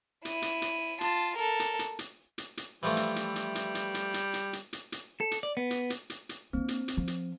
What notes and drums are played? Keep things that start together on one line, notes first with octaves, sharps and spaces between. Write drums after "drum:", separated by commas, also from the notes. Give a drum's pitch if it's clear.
E4 D#7, drum: hi-hat
drum: hi-hat
drum: hi-hat
F4 A5, drum: hi-hat
A4 A#4
drum: hi-hat
drum: hi-hat
drum: hi-hat
drum: hi-hat
drum: hi-hat
E3 F3 G3 A3
drum: hi-hat
drum: hi-hat
drum: hi-hat
drum: hi-hat
drum: hi-hat
drum: hi-hat
drum: hi-hat
drum: hi-hat
drum: hi-hat
drum: hi-hat
drum: hi-hat
A4
drum: hi-hat
D5
B3
drum: hi-hat
drum: hi-hat
drum: hi-hat
drum: hi-hat
A#3 C4 D4
drum: hi-hat
drum: hi-hat
F3
drum: hi-hat